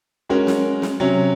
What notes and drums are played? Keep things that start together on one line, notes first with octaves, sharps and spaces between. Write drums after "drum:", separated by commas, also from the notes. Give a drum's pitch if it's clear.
G#3 C#4 F#4 A#4
drum: snare
drum: snare
C3 F#3 C#4